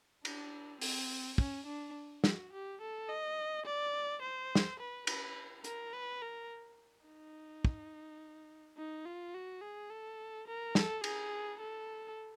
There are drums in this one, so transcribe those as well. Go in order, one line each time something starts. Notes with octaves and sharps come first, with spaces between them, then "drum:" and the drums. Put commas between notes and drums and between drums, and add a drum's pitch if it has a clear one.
D4, drum: cymbal
C4, drum: open hi-hat
C#4, drum: kick
D4
F#4, drum: snare
G4
A4
D#5
D5
C5
drum: snare
B4
B4, drum: cymbal
A#4, drum: hi-hat
B4
A#4
D#4
drum: kick
D#4
F4
F#4
G#4
A4
A#4
A4, drum: snare
G#4, drum: cymbal
A4